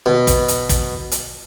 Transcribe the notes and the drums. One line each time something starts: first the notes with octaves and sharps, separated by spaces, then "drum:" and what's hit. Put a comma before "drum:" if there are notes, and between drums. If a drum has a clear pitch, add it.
B2
drum: kick, hi-hat
drum: hi-hat
drum: kick, hi-hat
drum: hi-hat